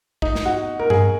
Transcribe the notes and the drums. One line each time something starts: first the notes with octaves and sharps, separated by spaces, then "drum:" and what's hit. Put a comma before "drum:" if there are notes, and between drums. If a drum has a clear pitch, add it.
D#4, drum: kick
drum: snare
F#4
A#4
G#4, drum: tom G2